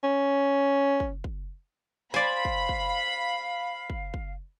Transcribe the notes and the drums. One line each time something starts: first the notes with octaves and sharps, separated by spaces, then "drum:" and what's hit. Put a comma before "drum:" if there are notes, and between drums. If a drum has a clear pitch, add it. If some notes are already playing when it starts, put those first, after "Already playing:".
C#4
drum: kick
drum: kick
C5 D5 F5 G#5 B5
drum: kick
drum: kick
drum: kick
drum: kick